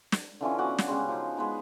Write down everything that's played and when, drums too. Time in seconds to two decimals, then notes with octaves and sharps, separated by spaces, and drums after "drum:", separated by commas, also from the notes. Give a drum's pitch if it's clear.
0.12 drum: snare
0.41 D3 E3 F3 C#4
0.58 B3 F#4 F#5 D6
0.78 drum: snare
0.88 C#3 G3 G#3
1.09 F3 D#4
1.37 G#3 B3 D#4